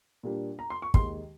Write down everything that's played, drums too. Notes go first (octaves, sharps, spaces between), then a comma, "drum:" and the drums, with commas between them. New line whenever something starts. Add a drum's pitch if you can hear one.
A#2 G3 A#3 D4
A#5
C6
C#6
D#2 D#3 G#3 C6, drum: kick